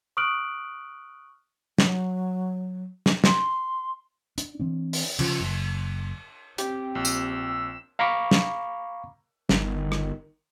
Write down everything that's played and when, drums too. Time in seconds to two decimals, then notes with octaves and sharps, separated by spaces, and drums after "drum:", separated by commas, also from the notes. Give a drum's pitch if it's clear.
0.17 C#6 D#6 F6 F#6 D7 F#7
1.78 F#3, drum: snare
3.06 drum: snare
3.24 C6, drum: snare
4.38 D4, drum: hi-hat
4.60 E3 C4 D4
4.93 drum: open hi-hat
5.19 C#3 F3, drum: cymbal
5.40 F#1
6.58 C4 G4, drum: hi-hat
6.95 A#1 E6
7.05 drum: tambourine
7.99 F5 A#5 B5 C#6 D6
8.31 drum: snare
9.49 G1 D#3, drum: snare
9.92 drum: rim click